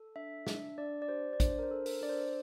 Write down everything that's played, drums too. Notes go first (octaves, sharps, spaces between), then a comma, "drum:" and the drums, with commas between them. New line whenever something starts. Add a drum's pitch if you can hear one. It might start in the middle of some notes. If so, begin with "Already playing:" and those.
Already playing: A4
D4 E5
D4 E5, drum: snare
D4 D5
D5
G4 C5
D5
D4 C5, drum: kick A1, hi-hat
A#4
C5
A4
A#4, drum: open hi-hat
D4 D5
C5